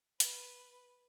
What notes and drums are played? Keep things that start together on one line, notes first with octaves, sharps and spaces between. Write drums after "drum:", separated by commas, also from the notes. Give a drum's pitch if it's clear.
B4, drum: hi-hat